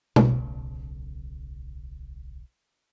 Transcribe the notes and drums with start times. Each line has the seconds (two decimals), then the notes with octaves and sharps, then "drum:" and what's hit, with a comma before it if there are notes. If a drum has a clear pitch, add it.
0.16 D1 B1 C#3, drum: tom B2